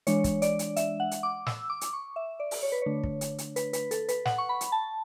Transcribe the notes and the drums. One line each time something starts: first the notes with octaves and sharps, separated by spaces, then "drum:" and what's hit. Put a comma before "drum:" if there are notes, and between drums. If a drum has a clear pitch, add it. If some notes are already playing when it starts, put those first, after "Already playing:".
E3 G#3 D4 C#5, drum: hi-hat
drum: kick, hi-hat
D5, drum: hi-hat
drum: hi-hat
E5, drum: hi-hat
F#5
drum: hi-hat
D6
E6, drum: snare
D6
drum: hi-hat
C#6
E5
D5
drum: open hi-hat
C#5
B4
D3 A3 D4 C#5
drum: kick
drum: hi-hat
drum: hi-hat
B4, drum: hi-hat
B4, drum: hi-hat
A4, drum: hi-hat
B4, drum: hi-hat
F#5, drum: snare
C#6
B5
drum: hi-hat
A5